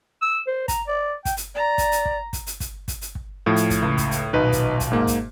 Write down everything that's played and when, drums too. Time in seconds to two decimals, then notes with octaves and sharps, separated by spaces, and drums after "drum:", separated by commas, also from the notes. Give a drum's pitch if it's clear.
0.22 E6
0.47 C5
0.68 A#5, drum: kick, hi-hat
0.88 D5
1.25 G5, drum: kick, hi-hat
1.37 drum: hi-hat
1.55 D5 A#5
1.78 drum: kick, hi-hat
1.92 drum: hi-hat
2.05 drum: kick
2.33 drum: kick, hi-hat
2.47 drum: hi-hat
2.60 drum: kick, hi-hat
2.88 drum: kick, hi-hat
3.01 drum: hi-hat
3.15 drum: kick
3.46 A2 F3
3.56 drum: hi-hat
3.70 drum: kick, hi-hat
3.82 C#2
3.98 drum: kick, hi-hat
4.11 drum: hi-hat
4.33 D#1 B1 D#4 B4 D#5
4.52 drum: kick, hi-hat
4.80 drum: kick, hi-hat
4.91 G#2 A#3
5.07 drum: kick, hi-hat